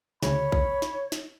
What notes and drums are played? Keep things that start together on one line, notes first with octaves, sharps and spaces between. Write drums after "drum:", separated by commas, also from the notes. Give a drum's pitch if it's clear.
D2 C#3 C#5 B5, drum: snare
drum: kick A#1
drum: snare
drum: snare